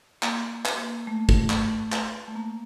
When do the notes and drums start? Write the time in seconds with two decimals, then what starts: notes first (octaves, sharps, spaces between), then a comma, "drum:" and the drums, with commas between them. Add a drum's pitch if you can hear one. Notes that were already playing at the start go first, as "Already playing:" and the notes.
0.23 A#3, drum: clap
0.66 A#3, drum: clap
1.07 A3
1.29 drum: kick
1.50 drum: clap
1.92 drum: clap
2.28 A3
2.35 A#3